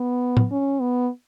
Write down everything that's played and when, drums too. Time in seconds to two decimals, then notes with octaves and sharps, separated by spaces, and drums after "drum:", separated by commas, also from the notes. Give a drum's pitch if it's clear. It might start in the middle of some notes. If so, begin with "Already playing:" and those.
Already playing: B3
0.37 drum: tom A2
0.51 C#4
0.81 B3